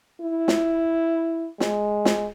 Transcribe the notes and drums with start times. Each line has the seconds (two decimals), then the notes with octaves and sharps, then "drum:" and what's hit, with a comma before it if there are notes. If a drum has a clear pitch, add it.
0.21 E4
0.48 drum: snare
1.60 G#3, drum: snare
2.05 drum: snare